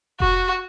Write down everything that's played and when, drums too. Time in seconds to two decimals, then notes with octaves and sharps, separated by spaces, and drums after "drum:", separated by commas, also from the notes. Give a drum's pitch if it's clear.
0.20 F#4, drum: kick F1